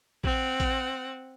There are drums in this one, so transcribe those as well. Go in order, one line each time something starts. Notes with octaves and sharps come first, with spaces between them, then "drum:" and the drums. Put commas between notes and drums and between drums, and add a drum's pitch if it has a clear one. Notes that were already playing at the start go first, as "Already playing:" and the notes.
C4 F#5, drum: kick A1
drum: kick A1, hi-hat